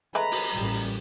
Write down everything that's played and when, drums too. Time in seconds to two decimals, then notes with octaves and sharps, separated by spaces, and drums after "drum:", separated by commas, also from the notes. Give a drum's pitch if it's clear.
0.15 G#3 A3 B4 A#5 B5
0.32 drum: open hi-hat
0.53 A1 A#2 G3
0.74 drum: hi-hat